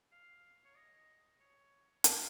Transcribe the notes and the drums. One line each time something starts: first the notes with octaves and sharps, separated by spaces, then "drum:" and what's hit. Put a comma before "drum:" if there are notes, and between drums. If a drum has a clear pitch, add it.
F5
C#5
D#5
C#5
F5, drum: hi-hat